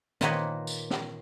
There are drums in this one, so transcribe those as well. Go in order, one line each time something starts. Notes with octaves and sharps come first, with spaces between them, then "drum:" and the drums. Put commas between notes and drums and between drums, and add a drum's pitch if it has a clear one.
A#2 D#3 A#3 B4 C#5 D#5, drum: snare
drum: tambourine
drum: snare